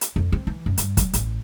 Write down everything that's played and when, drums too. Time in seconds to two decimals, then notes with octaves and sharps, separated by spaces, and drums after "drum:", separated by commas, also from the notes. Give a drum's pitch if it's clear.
0.01 drum: hi-hat
0.16 F2
0.32 C4
0.47 E3
0.66 F#2
0.78 G2, drum: hi-hat
0.97 F#3, drum: kick, hi-hat
1.13 A1, drum: hi-hat